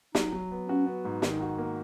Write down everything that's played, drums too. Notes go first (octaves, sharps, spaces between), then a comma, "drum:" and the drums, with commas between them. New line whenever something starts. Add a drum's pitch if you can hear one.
F#3 D#4, drum: snare
F#3
B3
C#4 F#4
B3
G#2
D#3 D#4, drum: snare
F#4
A#3